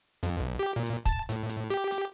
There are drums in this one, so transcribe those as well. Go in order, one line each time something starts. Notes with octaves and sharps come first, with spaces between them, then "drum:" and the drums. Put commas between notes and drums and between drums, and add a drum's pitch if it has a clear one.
F2, drum: hi-hat
B1
G4
A#2
drum: hi-hat
A5, drum: kick, hi-hat
A2, drum: hi-hat
drum: hi-hat
G4, drum: hi-hat
drum: hi-hat